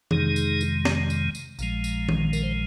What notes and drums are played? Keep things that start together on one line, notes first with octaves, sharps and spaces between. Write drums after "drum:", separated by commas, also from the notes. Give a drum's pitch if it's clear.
F2 C3 D#3 G#3 D#4 G#4, drum: tom D#3
drum: tambourine
drum: tambourine
drum: snare
drum: tambourine
drum: tambourine
A#1 A#2 F3 G#3, drum: tambourine
drum: tambourine
drum: tom D#3
A#4, drum: tambourine
C5